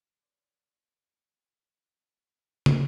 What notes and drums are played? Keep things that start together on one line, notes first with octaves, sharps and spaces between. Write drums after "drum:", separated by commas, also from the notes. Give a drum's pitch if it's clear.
B4 C#5 D5 C6 D6 G#6
drum: tom